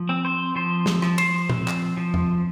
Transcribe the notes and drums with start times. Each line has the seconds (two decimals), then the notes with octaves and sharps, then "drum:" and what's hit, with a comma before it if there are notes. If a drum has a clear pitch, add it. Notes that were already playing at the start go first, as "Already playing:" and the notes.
Already playing: F3
0.09 C4
0.25 C5
0.55 F3 C5
0.86 drum: snare
1.02 F3, drum: rim click
1.18 C5, drum: cymbal
1.50 C4, drum: tom
1.68 drum: clap
1.97 F3
2.14 drum: tom E2